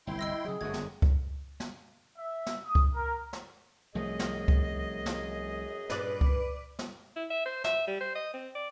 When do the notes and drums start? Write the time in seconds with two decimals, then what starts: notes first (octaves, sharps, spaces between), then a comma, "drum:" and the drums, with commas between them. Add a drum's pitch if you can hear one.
0.07 G1 C2 E4 G5 C6
0.19 D#5 E6 A#6
0.45 C#3 F#3 G#4
0.61 G1 F#2 D3 A3 F#4 G#6
0.73 drum: snare
1.02 drum: kick C#2
1.60 drum: snare
2.18 E5
2.46 drum: snare
2.66 D#6
2.75 drum: kick C#2
2.95 A#4
3.33 drum: snare
3.95 C2 F#2 F3 A3 G#4 D#5
4.19 drum: snare
4.48 drum: kick C#2
5.06 drum: snare
5.90 G2 A#2 B4 D5 D6, drum: snare
6.21 drum: kick C#2
6.79 drum: snare
7.16 E4
7.30 E5
7.45 C5
7.64 E5, drum: snare
7.87 G3
8.00 C5
8.15 D#5
8.33 C4
8.55 D5